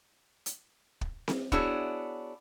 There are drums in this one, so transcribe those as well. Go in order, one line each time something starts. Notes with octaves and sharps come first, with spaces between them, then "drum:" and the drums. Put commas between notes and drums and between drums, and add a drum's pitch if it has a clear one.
drum: hi-hat
drum: kick
drum: snare C4
B3 D4 E4 F#4 G#4 C#5, drum: kick